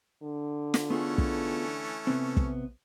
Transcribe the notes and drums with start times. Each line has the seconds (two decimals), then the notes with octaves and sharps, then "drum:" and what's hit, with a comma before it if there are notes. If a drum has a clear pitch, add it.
0.23 D3
0.74 drum: snare
0.90 E3 A3 B3 C#4 F4 G#4
1.18 drum: kick
2.07 C3 B3 C4
2.37 drum: kick